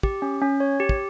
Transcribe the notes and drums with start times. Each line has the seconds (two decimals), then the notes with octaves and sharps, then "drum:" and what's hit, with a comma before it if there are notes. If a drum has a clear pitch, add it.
0.03 G4, drum: kick
0.22 C#4
0.42 C#4
0.60 C#5
0.80 G4
0.89 drum: kick